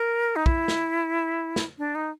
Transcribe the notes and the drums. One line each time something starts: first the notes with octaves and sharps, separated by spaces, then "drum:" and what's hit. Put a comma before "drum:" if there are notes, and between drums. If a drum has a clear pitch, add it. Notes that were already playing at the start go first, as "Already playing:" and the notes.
Already playing: A#4
D#4
E4, drum: kick
drum: snare
drum: snare
D4
D#4